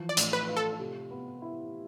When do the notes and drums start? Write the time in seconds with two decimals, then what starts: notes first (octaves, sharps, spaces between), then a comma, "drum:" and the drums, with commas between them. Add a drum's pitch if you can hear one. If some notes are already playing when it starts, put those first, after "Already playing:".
Already playing: E3 F3
0.09 D5
0.17 A2, drum: hi-hat
0.33 B4
0.49 F4
0.57 A4
0.80 C3
1.11 B3
1.42 E4